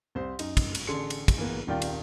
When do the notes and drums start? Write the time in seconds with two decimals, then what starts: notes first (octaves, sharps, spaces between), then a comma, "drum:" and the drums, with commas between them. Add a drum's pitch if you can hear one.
0.15 C2 C5 C6
0.39 F#2 D#4, drum: cymbal
0.57 drum: kick, cymbal
0.75 drum: cymbal
0.87 A1 D3 G#4 A4 C6 C#7
1.10 drum: cymbal
1.28 drum: kick, cymbal
1.38 E3 A#3 B3
1.67 D#1 C2 D#3 F4 D5 G5
1.82 drum: cymbal